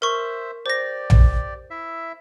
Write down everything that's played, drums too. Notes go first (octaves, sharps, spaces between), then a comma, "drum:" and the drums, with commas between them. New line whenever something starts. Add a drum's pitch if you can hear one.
A#4 C5 E5 C#6
G4 C5 D5 A#6
drum: tom A#1
E4 E5